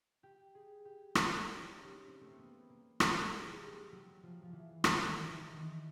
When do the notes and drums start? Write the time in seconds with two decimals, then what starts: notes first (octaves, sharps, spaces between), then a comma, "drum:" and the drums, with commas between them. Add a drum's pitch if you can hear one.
0.23 G4
0.55 G#4
0.85 G4
1.15 D#4, drum: rim click
1.39 C#4
1.62 C#4
1.84 G3
2.08 C4
2.21 A3
2.30 A#3
2.39 B3
2.70 A#3
3.00 A3, drum: rim click
3.14 F#3
3.23 G3
3.30 G#3
3.51 G#3
3.61 G3
3.92 F#3
4.23 F3
4.43 F3
4.53 E3
4.84 drum: rim click
4.96 E3
5.07 D#3
5.23 E3
5.30 D#3
5.41 E3
5.53 D#3